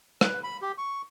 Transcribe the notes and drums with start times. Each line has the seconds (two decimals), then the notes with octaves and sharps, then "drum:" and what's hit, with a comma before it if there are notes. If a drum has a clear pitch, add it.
0.21 B4, drum: rim click
0.43 B5
0.62 G4
0.78 C#6